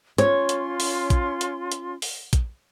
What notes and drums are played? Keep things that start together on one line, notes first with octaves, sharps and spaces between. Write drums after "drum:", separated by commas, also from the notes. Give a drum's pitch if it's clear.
C#4 F4 C#5 C6, drum: hi-hat
drum: hi-hat
drum: open hi-hat
drum: kick, hi-hat
drum: hi-hat
drum: hi-hat
drum: open hi-hat
drum: kick, hi-hat